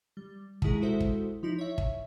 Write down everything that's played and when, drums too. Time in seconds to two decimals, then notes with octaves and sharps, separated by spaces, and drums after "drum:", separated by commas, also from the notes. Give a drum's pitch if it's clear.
0.17 G3
0.62 B2 D#3 G#3 E4 G#4, drum: kick
0.81 G#3 E4 F#4 A4 C5 E5
1.00 drum: kick
1.43 F3 D#4 E4
1.58 C#5 E5
1.78 drum: kick